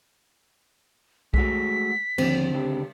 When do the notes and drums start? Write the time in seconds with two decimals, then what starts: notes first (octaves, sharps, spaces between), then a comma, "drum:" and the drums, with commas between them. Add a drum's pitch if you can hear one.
1.34 G#3 A3 F#4 B6, drum: kick B1
2.18 D#2 D3 F3 C4, drum: cymbal
2.54 C#2 D3 G4